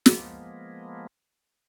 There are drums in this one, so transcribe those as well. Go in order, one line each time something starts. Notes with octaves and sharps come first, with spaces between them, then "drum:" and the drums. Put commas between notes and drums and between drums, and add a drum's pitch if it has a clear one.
F3 G#3 A#3 B3, drum: snare